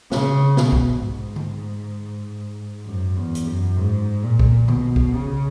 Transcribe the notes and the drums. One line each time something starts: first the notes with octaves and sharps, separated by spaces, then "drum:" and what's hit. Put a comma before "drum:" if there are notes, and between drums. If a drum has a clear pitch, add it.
C#3, drum: snare
B2, drum: snare
drum: kick B1
G#2
drum: tom D3
F#2
E2
drum: hi-hat
F#2
G#2
A#2
drum: kick B1
B2, drum: tom D3
drum: kick B1
C#3